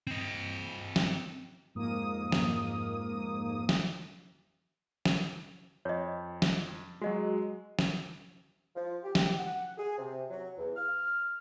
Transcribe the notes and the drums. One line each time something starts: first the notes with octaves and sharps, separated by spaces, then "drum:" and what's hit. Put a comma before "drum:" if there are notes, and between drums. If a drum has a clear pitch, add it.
C4 D#5
drum: snare
F2 G#2 A#3 D#6
drum: snare
drum: snare
drum: snare
F2 C#5 D#5
drum: snare
F#3 G#3 F#4 D#5
drum: snare
F3
G4
drum: snare
F#5
G#4
C3
F#3
E2
F6